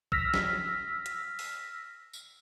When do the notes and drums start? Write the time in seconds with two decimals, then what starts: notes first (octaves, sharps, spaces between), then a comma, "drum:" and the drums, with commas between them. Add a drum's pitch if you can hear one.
0.12 E6 F6 A#6 B6, drum: kick
0.34 drum: snare
1.06 drum: hi-hat
1.39 drum: open hi-hat
2.13 drum: tambourine